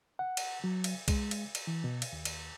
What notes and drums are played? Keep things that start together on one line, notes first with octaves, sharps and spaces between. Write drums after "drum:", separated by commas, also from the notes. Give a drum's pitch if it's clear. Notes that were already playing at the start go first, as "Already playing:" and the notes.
F#5
drum: cymbal
F#3
drum: cymbal
G#3, drum: kick B1, cymbal
drum: cymbal
drum: cymbal
E3
B2
drum: cymbal
D#2
drum: cymbal